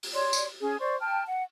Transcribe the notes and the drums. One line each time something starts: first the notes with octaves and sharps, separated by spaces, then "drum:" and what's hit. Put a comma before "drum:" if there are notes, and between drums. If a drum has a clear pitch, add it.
drum: open hi-hat
C#5 D5 C6
drum: tambourine
C#4 G#4
C5 D5 C6 C#6
G5 A5 F6
F#5